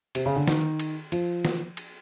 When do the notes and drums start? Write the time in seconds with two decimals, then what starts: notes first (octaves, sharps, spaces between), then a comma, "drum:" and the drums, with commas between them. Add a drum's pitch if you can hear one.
0.15 C3, drum: cymbal
0.26 C#3
0.36 D3
0.48 D#3, drum: snare
0.79 drum: cymbal
1.12 F3, drum: cymbal
1.45 drum: snare
1.77 drum: cymbal